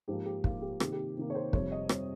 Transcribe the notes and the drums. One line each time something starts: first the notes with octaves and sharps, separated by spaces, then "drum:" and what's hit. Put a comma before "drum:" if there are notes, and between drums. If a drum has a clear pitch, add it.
G#2 F3 A#3 G4
G4
G#2 F3 A#3 F4, drum: kick
G4
C3 D#3 A#3 G4, drum: rim click
G4
C3 D#3 A#3
C#5
C5
F2 C3 G3 C#5, drum: kick
D#5
C3 G3 C#5, drum: rim click